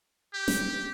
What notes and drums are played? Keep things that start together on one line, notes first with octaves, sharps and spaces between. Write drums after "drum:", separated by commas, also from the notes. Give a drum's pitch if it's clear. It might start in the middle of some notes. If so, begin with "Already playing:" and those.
G4
drum: snare